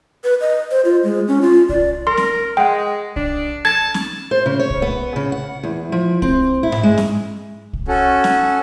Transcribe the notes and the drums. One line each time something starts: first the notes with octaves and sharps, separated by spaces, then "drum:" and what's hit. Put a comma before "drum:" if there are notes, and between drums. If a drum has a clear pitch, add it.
B4
D#5
C5
F4
G#3
C#4
F4
D5, drum: kick
A#4 C6
drum: snare
G#3 F#5 G5
D4, drum: kick
A5 G#6 A6
drum: snare
C5
C#3
C#5
drum: kick
B3
C#3
F#5
E2
F3
C4, drum: kick
E4
drum: tom G#2
G#3
drum: snare
drum: kick
C#4 F#4 A4
drum: snare